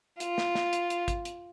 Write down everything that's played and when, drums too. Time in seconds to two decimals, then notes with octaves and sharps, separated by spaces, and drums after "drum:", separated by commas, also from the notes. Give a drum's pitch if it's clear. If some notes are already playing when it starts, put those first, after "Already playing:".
0.20 F4, drum: hi-hat
0.38 drum: snare
0.55 drum: snare
0.73 drum: hi-hat
0.90 drum: hi-hat
1.08 drum: kick G#1, hi-hat
1.25 drum: hi-hat